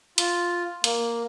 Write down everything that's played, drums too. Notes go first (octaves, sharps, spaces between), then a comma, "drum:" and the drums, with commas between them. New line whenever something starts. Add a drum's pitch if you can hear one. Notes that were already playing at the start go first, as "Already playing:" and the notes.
F4, drum: hi-hat
A#3, drum: hi-hat